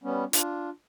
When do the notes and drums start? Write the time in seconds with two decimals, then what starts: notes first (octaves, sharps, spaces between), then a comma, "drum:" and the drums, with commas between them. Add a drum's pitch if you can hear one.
0.04 G3 B3 C#4
0.33 D4 F4, drum: hi-hat